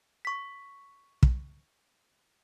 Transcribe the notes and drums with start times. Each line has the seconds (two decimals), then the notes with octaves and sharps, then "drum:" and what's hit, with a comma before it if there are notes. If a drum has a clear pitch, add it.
0.25 C#6 B6
1.23 drum: kick